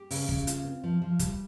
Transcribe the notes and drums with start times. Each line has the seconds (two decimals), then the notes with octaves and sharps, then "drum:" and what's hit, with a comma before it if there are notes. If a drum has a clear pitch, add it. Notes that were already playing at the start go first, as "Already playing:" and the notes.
Already playing: G4
0.11 C#3, drum: open hi-hat
0.29 C#3, drum: kick
0.47 F4, drum: hi-hat
0.64 C4
0.84 F3
1.02 F3
1.19 G3, drum: kick, hi-hat